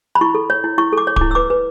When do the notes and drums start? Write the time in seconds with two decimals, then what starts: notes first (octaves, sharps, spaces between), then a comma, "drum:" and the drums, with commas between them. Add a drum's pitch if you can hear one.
0.15 B5
0.21 E4 C#6
0.35 A4
0.50 C#5
0.64 E4
0.78 E4 C#6
0.93 A4 D6
1.07 C#5
1.16 D6, drum: kick D1
1.21 E4
1.31 E6
1.35 B4 D6
1.50 B4